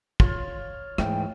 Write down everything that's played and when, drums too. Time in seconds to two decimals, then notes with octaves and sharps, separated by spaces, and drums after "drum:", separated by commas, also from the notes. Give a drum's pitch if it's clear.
0.20 F4 C#5, drum: kick
0.98 G#2 E3 A3 G5, drum: rim click